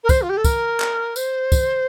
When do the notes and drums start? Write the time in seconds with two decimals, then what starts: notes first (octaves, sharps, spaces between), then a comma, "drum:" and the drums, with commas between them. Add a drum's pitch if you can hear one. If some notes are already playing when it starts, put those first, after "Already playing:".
0.04 A#4
0.09 C5, drum: kick, tambourine
0.22 F4
0.29 G4
0.37 A4
0.44 A#4, drum: kick, tambourine
0.80 drum: clap
1.16 C5, drum: tambourine
1.52 drum: kick, tambourine